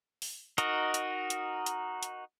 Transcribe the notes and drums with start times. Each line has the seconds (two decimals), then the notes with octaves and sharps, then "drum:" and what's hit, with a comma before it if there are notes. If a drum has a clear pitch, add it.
0.22 drum: open hi-hat
0.58 D#4 F#4 A#4 D#5, drum: hi-hat
0.94 drum: hi-hat
1.30 drum: hi-hat
1.66 drum: hi-hat
2.03 drum: hi-hat